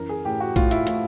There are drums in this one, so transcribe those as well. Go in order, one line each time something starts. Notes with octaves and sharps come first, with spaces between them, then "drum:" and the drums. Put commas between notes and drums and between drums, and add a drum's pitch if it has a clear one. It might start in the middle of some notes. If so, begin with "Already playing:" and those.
Already playing: F#2 E3 A#4
G#4
A2 G4
F#4
A2 F4, drum: kick A#1, hi-hat
E4, drum: hi-hat
A2, drum: hi-hat